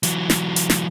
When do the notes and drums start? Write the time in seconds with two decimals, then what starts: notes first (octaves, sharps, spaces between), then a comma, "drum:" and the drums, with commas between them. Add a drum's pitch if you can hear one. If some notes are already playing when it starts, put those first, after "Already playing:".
0.03 E3 F#3, drum: hi-hat
0.30 drum: snare
0.56 drum: hi-hat
0.70 drum: snare